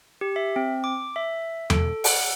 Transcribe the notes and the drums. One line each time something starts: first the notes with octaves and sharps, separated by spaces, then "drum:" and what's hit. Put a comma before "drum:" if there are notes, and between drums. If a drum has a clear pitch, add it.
G4
E5
C4
D6
E5
A4, drum: tom E2
F#5, drum: open hi-hat